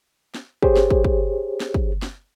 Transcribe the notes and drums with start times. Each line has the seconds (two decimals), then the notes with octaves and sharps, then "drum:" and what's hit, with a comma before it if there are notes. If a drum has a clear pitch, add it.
0.35 drum: snare
0.63 G4 G#4 C5 C#5, drum: kick
0.77 drum: snare
0.90 drum: kick
1.04 drum: kick
1.60 drum: snare
1.74 drum: kick
2.02 drum: snare